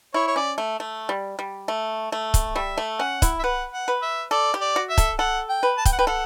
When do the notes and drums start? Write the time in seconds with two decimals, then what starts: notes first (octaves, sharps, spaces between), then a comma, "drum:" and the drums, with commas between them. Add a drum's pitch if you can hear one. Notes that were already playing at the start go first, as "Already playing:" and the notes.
0.14 E4 C#5
0.27 C#5
0.36 C#4 D5
0.58 A3
0.80 A3
1.09 G3
1.39 G3
1.68 A3
2.12 A3
2.34 drum: kick, hi-hat
2.56 G3 E5
2.78 A3
2.99 C#4 F#5
3.22 E4, drum: kick, hi-hat
3.39 E5
3.44 B4 F#5
3.73 F#5
3.88 B4
4.02 E5
4.31 A4 D5
4.54 G4
4.61 D5
4.76 F#4
4.90 E5
4.98 A4, drum: kick, hi-hat
5.19 A4 F#5
5.49 G5
5.63 B4
5.78 A5
5.85 G5, drum: kick, hi-hat
5.93 F#5
5.99 B4 G5
6.07 A4 F#5